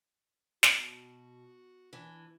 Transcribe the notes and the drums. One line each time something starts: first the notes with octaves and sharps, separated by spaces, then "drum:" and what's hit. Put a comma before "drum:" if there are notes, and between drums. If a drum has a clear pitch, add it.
B2 F#4, drum: snare
E3 D4